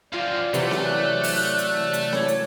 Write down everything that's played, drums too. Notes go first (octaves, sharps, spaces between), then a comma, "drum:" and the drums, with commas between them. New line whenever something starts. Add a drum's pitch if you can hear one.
F#2 C4 F4 D5 F5
C3 E3 F#3 A3, drum: hi-hat
drum: snare C4
F#6
drum: open hi-hat
drum: hi-hat
drum: hi-hat
C#5, drum: snare C4
drum: hi-hat